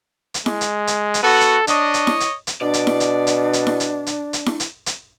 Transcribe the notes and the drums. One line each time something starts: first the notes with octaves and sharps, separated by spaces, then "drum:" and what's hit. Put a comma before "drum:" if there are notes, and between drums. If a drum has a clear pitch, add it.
drum: hi-hat
G#3, drum: snare E4
drum: hi-hat
drum: hi-hat
drum: hi-hat
B3 F#4 A4
drum: hi-hat
D4 C#5 D#5, drum: hi-hat
drum: hi-hat
drum: snare E4
drum: hi-hat
drum: hi-hat
B2 D4 D5
drum: hi-hat
drum: snare E4
drum: hi-hat
drum: hi-hat
drum: hi-hat
drum: snare E4
drum: hi-hat
drum: hi-hat
drum: hi-hat
drum: snare E4
drum: hi-hat
drum: hi-hat